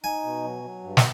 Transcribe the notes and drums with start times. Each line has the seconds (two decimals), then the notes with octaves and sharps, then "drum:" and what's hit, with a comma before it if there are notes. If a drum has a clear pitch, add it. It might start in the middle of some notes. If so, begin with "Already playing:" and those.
0.04 D#4 G#5
0.24 B2
0.44 F#3
0.64 F#3
0.83 G2
0.97 drum: snare